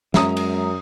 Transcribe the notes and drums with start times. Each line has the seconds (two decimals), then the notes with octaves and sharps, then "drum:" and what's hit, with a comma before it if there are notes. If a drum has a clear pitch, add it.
0.14 F#2 G#3 C#4 E5 A#5 D#6, drum: snare
0.37 drum: cymbal